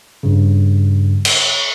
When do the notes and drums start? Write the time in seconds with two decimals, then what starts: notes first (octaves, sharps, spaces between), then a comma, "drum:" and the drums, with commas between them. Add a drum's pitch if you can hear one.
0.23 G2 C#3
1.25 drum: cymbal